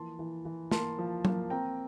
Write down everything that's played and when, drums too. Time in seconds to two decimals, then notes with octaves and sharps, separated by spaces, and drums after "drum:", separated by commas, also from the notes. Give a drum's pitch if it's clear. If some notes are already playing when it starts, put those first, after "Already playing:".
Already playing: E3 F3 A#3 A5 C6
0.19 E3
0.45 E3
0.71 A#3 A5 C6, drum: snare
0.98 F3
1.25 A#3, drum: tom F#3
1.50 C4 G5 A#5